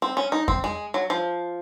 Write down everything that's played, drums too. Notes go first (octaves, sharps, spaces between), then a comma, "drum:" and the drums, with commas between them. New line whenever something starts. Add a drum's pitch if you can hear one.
C4
C#4
D#4
C4, drum: kick F2
G#3
F#3
F3